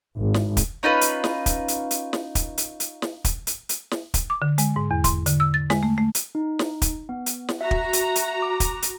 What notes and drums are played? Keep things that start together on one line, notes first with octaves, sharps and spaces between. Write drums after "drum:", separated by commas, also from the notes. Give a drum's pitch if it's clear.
G#1
drum: snare
drum: kick, hi-hat
C#4 D#4 F4 B4
drum: hi-hat
drum: snare
drum: kick, hi-hat
drum: hi-hat
drum: hi-hat
drum: snare
drum: kick, hi-hat
drum: hi-hat
drum: hi-hat
drum: snare
drum: kick, hi-hat
drum: hi-hat
drum: hi-hat
drum: snare
drum: kick, hi-hat
D6
D3
G#3, drum: hi-hat
G#2
E2
C6, drum: kick, hi-hat
D3, drum: hi-hat
E6
A6
G#3, drum: snare
A3
A3
drum: hi-hat
D#4
drum: snare
drum: kick, hi-hat
B3
drum: hi-hat
drum: snare
F#4 E5 A#5
drum: kick
drum: hi-hat
drum: hi-hat
D6
drum: kick, hi-hat
drum: hi-hat